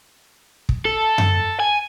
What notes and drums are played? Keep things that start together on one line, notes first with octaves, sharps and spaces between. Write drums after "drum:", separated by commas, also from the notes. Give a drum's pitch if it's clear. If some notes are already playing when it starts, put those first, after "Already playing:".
drum: kick
A4
drum: tom F#2
G#5